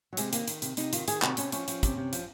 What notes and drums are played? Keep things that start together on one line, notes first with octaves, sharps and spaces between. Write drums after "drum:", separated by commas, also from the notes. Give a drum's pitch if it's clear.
F#3
C3 G#3, drum: hi-hat
D#3 A#3, drum: hi-hat
D#3, drum: hi-hat
C3, drum: hi-hat
C3 D#4, drum: hi-hat
D#3 F4, drum: hi-hat
D#3 G#4, drum: hi-hat
C3 F#4, drum: clap
C3 C#4, drum: hi-hat
F3 C#4, drum: hi-hat
F3, drum: hi-hat
C3, drum: kick, hi-hat
C3
F3, drum: hi-hat